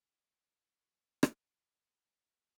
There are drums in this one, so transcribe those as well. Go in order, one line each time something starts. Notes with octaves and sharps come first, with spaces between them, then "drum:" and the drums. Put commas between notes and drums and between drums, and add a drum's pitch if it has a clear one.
E2 C3 E3 G3 C4
A#2 F3 G#3 C4
drum: rim click
C2 A#2 G3
D3 F3 G#3 C4